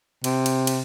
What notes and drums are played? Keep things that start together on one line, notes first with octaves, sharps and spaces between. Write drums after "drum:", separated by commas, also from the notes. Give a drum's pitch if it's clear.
C3, drum: cymbal
drum: cymbal
drum: cymbal